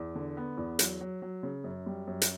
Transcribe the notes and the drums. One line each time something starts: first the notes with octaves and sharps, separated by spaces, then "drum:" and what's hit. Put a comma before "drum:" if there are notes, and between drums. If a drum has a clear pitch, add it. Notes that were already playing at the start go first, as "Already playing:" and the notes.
Already playing: E2
D3
B3
E2
F#3, drum: hi-hat
F#3
F#3
C#3
F#2
G3
F#2
drum: hi-hat